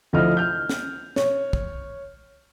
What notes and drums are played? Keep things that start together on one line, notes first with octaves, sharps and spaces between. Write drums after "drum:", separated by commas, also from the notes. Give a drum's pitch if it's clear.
D2 F3 E4 D#5 F6
F6 G6
drum: snare
C#5, drum: snare
drum: kick